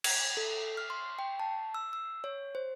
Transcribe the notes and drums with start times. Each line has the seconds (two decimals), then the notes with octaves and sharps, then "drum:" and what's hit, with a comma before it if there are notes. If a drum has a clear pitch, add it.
0.04 G#6, drum: cymbal
0.37 A4
0.77 F6
0.90 C6
1.19 G5
1.40 A5
1.74 E6
1.93 E6
2.24 C#5
2.55 C5